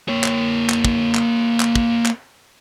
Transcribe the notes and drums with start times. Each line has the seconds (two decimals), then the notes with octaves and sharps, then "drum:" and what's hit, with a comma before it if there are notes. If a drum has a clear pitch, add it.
0.09 A#3 C#5
0.24 drum: clap
0.69 drum: clap
0.85 drum: kick
1.15 drum: clap
1.60 drum: clap
1.75 drum: kick
2.06 drum: clap